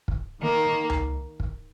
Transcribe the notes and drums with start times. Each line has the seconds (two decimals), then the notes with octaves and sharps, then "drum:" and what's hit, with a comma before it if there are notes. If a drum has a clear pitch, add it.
0.08 drum: kick
0.41 D#3 A#3
0.90 drum: tom C#2
1.40 drum: kick